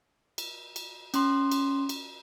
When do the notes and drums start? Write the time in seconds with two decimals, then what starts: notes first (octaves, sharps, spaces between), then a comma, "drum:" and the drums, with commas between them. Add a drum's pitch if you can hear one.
0.38 drum: cymbal
0.76 drum: cymbal
1.14 C#4 C6, drum: cymbal
1.51 drum: cymbal
1.89 drum: cymbal